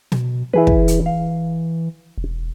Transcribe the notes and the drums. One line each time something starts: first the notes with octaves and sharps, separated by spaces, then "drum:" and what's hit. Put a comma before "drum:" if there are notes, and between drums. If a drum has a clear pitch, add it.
B2, drum: snare
E3 E4 G#4 B4
drum: kick
drum: hi-hat
F5
E1